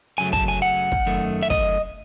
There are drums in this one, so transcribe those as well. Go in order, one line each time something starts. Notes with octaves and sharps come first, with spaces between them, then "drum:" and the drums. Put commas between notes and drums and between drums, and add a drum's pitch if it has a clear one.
F#2 C#3 F#3 A3 G#5
A5, drum: kick
G#5
F#5
drum: kick
F#2 D#3 A3
E5
D#5, drum: kick